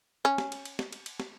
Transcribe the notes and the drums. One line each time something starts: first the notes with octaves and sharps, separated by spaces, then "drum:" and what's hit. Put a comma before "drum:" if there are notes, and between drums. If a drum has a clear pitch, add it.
C#4
drum: snare
drum: cymbal
drum: cymbal
drum: snare
drum: cymbal
drum: cymbal
drum: snare